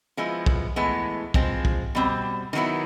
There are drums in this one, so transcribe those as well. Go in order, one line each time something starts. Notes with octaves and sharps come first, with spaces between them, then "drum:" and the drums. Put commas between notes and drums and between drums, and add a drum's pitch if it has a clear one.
F3 G#3 B3 E4
drum: kick
A2 E3 G#3 B3
F3 G#3 C4, drum: kick
drum: kick
B2 G3 C4
D#3 F#3 B3 E4